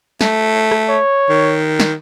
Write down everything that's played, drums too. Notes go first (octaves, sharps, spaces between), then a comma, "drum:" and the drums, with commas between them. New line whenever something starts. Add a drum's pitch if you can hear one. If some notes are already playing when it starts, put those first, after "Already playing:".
A3, drum: snare
drum: rim click
C#5
D#3
drum: snare